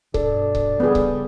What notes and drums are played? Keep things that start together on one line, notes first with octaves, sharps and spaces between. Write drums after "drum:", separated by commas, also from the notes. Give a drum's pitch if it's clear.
G2 B2 D4 A4, drum: kick C#1
drum: kick C#1
C#3 G3 B3 G#4
drum: kick C#1